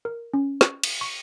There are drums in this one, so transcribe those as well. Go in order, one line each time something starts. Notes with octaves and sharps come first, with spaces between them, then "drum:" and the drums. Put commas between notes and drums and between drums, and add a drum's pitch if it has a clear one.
A#4
C#4
C#6, drum: snare
drum: cymbal
C#6